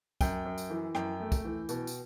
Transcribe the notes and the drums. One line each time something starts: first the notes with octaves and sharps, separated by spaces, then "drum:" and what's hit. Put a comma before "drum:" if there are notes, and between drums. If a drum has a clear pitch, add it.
F#2 G5, drum: kick, tambourine
F#2
drum: tambourine
E3
F#2 G5, drum: rim click
A3
drum: kick, tambourine
E3
B2, drum: tambourine
drum: tambourine